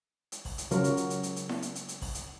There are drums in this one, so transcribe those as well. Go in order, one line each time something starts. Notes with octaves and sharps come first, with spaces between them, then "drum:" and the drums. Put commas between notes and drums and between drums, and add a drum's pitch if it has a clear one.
drum: hi-hat
drum: kick, open hi-hat
drum: hi-hat
C#3 F#3 F4 A#4, drum: hi-hat
drum: hi-hat
drum: hi-hat
drum: hi-hat
drum: hi-hat
drum: hi-hat
drum: snare E4
drum: hi-hat
drum: hi-hat
drum: hi-hat
drum: kick, open hi-hat
drum: hi-hat